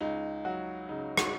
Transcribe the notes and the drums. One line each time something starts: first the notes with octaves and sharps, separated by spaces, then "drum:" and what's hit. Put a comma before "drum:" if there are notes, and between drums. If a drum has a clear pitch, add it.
C#2 D#4
F#3 F#4
C#3 D#4
F#4, drum: rim click